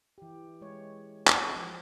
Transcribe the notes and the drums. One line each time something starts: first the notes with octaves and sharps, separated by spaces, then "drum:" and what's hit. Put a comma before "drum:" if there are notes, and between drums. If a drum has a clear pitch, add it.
E3 G4
G#3 C#5
drum: clap
F3